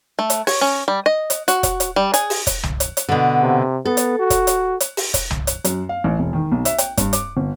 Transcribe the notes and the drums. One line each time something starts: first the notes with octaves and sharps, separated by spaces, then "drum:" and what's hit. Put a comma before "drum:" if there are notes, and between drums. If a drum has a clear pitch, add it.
A3
drum: hi-hat
C#5, drum: open hi-hat
C#4
G3
D#5
drum: hi-hat
F#4, drum: hi-hat
drum: kick, hi-hat
drum: hi-hat
G3
G#4, drum: hi-hat
drum: open hi-hat
drum: kick, hi-hat
drum: tom C2
drum: hi-hat
drum: hi-hat
B2 D3
C3
B3 A4
drum: hi-hat
F#4
drum: kick, hi-hat
drum: hi-hat
drum: hi-hat
drum: open hi-hat
drum: kick, hi-hat
drum: tom C2
drum: hi-hat
F#2, drum: hi-hat
F5
A1
E1
D#3
B1
E5, drum: hi-hat
G5, drum: hi-hat
G2, drum: kick, hi-hat
D6, drum: hi-hat
G1